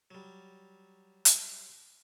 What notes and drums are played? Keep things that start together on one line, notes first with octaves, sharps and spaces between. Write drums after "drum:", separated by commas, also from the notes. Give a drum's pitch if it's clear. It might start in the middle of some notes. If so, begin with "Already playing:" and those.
F#3 G3
drum: hi-hat